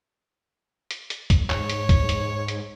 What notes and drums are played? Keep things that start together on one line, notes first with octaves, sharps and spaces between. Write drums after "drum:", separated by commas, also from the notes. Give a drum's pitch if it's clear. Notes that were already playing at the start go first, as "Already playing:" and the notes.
drum: hi-hat
drum: hi-hat
drum: kick C2, hi-hat
G#2 C#5, drum: clap
drum: hi-hat
drum: kick C2, hi-hat
drum: hi-hat
drum: hi-hat